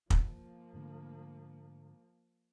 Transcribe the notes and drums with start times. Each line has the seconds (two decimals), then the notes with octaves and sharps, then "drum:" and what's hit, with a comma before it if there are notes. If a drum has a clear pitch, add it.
0.10 F3 A#3, drum: kick
0.73 G#2 D3 A3